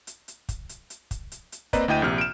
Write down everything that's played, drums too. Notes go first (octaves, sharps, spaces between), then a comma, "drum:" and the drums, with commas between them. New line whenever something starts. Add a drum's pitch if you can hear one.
drum: hi-hat
drum: hi-hat
drum: kick, hi-hat
drum: hi-hat
drum: hi-hat
drum: kick, hi-hat
drum: hi-hat
drum: hi-hat
A#3 C4 B4 D5 D#5 A#5, drum: kick, hi-hat
D2 E4 D#5 G5 G6 D#7
A#1 C3 F6
D7 E7